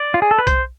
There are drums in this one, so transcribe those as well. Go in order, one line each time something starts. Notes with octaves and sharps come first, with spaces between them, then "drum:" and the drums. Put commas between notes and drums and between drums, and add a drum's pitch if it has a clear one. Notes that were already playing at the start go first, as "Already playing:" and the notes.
Already playing: D5
F4
G#4
A4
B4
C5, drum: kick B1, hi-hat